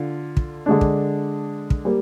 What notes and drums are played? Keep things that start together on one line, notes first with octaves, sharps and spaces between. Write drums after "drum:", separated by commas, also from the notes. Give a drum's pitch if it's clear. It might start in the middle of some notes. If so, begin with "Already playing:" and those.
Already playing: D3 F4
drum: kick
D3 G#3 D4
drum: kick
drum: kick
G3 A#3